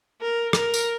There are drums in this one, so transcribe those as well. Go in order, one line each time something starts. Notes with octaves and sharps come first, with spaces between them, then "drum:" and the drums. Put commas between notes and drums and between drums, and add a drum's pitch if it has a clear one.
A#4
A#4, drum: rim click
drum: tambourine